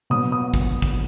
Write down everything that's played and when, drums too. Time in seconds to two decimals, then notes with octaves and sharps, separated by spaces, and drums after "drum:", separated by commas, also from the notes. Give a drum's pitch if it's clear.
0.10 B2 F#3 B3 D#6
0.32 D#6
0.54 drum: kick, hi-hat
0.82 drum: kick, hi-hat